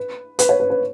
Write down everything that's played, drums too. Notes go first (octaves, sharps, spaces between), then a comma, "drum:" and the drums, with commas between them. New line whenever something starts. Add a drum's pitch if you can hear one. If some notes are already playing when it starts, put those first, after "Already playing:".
Already playing: B4
B4, drum: hi-hat
C#5
B4
B4